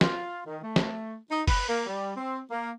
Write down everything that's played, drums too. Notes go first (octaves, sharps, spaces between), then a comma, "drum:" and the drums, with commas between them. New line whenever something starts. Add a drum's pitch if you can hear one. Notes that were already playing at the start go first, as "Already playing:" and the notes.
F4, drum: snare
D#3
A3
drum: snare
D#4
B4, drum: kick, open hi-hat
A#3
G3
C4
A#3